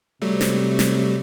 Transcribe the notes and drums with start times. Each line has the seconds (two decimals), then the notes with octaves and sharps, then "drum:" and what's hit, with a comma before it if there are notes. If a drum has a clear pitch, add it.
0.22 C3 F#3 G3 A3
0.41 drum: snare
0.79 drum: snare